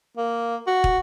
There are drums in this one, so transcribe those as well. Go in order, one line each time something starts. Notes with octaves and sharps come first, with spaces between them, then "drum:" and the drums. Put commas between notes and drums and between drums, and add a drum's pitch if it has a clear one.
A#3
F#4
drum: kick